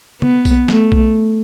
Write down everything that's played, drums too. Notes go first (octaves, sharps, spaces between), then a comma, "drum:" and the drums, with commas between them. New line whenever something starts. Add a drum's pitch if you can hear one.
B3, drum: tom
drum: kick B1, tambourine
A3, drum: snare
drum: kick B1